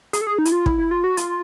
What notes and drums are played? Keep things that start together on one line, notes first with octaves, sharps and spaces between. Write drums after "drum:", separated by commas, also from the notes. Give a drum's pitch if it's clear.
G#4, drum: hi-hat
A4
G#4
D#4
E4, drum: hi-hat
F4
E4, drum: kick
E4
F4
F#4
F4, drum: hi-hat